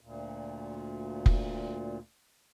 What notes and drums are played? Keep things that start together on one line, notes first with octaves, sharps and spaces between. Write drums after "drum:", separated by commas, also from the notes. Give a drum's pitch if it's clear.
D2 A#2
drum: kick F1